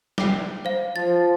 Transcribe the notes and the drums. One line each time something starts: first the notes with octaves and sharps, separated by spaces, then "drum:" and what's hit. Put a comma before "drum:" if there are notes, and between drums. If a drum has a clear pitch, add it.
G5 D6, drum: snare
C5 F5
F3 A6